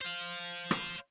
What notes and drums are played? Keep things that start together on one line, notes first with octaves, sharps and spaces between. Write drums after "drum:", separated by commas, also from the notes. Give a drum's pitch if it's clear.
C5 F5
drum: rim click